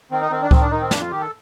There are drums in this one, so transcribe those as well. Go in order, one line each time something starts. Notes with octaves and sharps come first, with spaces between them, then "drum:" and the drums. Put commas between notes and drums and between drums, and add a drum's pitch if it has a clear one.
D#3 C4
D#4
D#3 C4
D4
D#3 C4, drum: kick C#2
D4
D#3 D#4
C4
F2 D4, drum: snare
F4
D#3 G4
A4